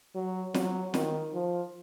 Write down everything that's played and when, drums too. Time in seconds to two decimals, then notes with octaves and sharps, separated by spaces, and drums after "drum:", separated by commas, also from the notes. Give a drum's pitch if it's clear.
0.15 F#3
0.54 F#3, drum: snare
0.94 D#3, drum: snare
1.34 F3